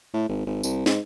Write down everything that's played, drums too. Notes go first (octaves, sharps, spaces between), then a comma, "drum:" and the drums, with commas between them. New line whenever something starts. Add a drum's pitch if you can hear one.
A2
G#1
G#1
C2, drum: tambourine
G#2, drum: snare